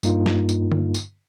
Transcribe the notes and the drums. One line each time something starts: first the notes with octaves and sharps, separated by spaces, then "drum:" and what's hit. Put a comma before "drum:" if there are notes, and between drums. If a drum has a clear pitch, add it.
G2 A#3 D#4 F4, drum: tambourine
drum: snare
drum: tambourine
drum: tom D3
drum: tambourine